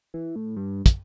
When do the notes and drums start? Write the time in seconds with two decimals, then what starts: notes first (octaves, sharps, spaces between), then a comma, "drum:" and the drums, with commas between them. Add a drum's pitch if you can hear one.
0.14 E3
0.36 A2
0.56 G2
0.86 drum: kick, hi-hat